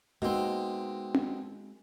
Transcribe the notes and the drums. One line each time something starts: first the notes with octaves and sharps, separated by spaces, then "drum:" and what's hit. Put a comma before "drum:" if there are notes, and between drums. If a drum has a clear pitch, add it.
B2 G#3 A#3 C4 D#4
drum: tom C4